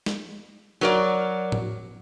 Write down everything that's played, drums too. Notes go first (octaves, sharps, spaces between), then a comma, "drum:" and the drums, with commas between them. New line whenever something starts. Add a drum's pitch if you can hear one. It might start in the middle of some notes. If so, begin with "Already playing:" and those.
drum: snare
F#3 A#4 D5
drum: tom A2